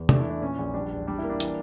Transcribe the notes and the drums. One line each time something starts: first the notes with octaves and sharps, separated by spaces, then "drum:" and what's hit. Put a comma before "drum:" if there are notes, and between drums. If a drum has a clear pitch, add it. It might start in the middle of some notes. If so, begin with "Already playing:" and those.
Already playing: E2
A3 D4, drum: tom C3
E4
E3
D4
A#2 C#4
A#1
G3 D4
E1
G3 D4
E4
A#3
D4
E3, drum: hi-hat